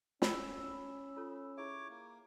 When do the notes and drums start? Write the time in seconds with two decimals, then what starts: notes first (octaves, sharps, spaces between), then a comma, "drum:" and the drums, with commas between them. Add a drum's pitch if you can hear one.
0.22 C#4 A5 B5 E6, drum: snare
1.17 F4 A4 C#5
1.57 E4 G#4 C#5 E5 D6
1.89 A#3